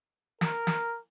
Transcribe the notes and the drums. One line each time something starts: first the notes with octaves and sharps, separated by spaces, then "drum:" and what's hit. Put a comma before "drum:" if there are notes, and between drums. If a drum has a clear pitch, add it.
A#4, drum: snare
drum: snare